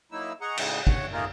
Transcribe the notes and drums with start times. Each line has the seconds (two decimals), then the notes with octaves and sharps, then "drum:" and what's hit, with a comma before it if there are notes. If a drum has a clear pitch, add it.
0.12 F#3 A#3 D#4 E4 E6
0.41 G#4 D#5 F#5 A#5 C#6
0.57 A2 C#3 G#3 D#4, drum: cymbal
0.87 C#5 F#5, drum: kick
1.12 A3 A#3 D#4 F4 G#4 A#4